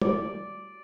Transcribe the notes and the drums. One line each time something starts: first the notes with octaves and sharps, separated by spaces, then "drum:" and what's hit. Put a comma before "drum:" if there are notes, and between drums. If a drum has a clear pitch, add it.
D5, drum: tom